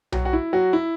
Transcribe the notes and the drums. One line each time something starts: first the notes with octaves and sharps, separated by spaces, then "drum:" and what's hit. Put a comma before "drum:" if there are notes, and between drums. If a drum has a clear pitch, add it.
F#3 F#4, drum: tom B1
F#4
E4
F#3 F#4
E4